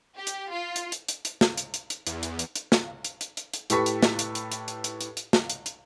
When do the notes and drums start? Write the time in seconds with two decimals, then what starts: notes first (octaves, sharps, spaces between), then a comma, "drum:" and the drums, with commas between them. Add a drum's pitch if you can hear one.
0.17 G4
0.27 drum: hi-hat
0.50 F4
0.76 drum: hi-hat
0.92 drum: hi-hat
1.08 drum: hi-hat
1.25 drum: hi-hat
1.41 drum: snare
1.57 drum: hi-hat
1.74 drum: hi-hat
1.90 drum: hi-hat
2.07 E2, drum: hi-hat
2.23 drum: hi-hat
2.39 drum: hi-hat
2.56 drum: hi-hat
2.72 drum: snare
3.05 drum: hi-hat
3.21 drum: hi-hat
3.37 drum: hi-hat
3.54 drum: hi-hat
3.70 A2 G4 A4 B4 C#6 B6, drum: hi-hat
3.86 drum: hi-hat
4.03 drum: snare
4.19 drum: hi-hat
4.35 drum: hi-hat
4.52 drum: hi-hat
4.68 drum: hi-hat
4.84 drum: hi-hat
5.01 drum: hi-hat
5.17 drum: hi-hat
5.33 drum: snare
5.50 drum: hi-hat
5.66 drum: hi-hat